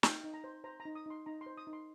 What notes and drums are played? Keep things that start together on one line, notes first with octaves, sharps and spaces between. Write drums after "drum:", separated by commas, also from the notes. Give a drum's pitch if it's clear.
D#4 G5, drum: snare
D#4
A#5
C5
C5 A#5
A#5
D#4
D#6
D#4 C6
D#4 A#5
C6
C5
D#6
D#4
C6